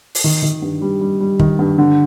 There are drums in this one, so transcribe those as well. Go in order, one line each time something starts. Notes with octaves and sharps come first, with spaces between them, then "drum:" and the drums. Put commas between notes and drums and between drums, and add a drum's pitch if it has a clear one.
drum: open hi-hat
D#3
D#3
G2
G3
G3
G3
D#3, drum: kick
G2
D3